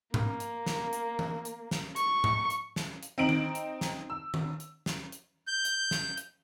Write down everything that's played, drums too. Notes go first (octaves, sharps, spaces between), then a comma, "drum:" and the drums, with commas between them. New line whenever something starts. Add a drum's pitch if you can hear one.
A#3, drum: tom G#2
drum: hi-hat
drum: snare
drum: hi-hat
drum: tom E3
drum: hi-hat
drum: snare
C#6, drum: hi-hat
drum: tom G#2
drum: hi-hat
drum: snare
drum: hi-hat
C4 D#4 D7 F#7
drum: tom D#3
drum: hi-hat
drum: snare
E6
drum: tom D#3
drum: hi-hat
drum: snare
drum: hi-hat
G6
drum: hi-hat
drum: snare
drum: hi-hat